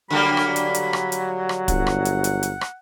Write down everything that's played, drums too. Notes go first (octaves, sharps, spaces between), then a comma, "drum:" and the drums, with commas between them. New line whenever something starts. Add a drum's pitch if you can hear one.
D3 F#3 G3 A#3 B5
drum: rim click
drum: hi-hat
drum: hi-hat
drum: rim click
drum: hi-hat
drum: rim click
G1 F#5, drum: kick, hi-hat
drum: rim click
drum: hi-hat
drum: hi-hat
drum: hi-hat
drum: rim click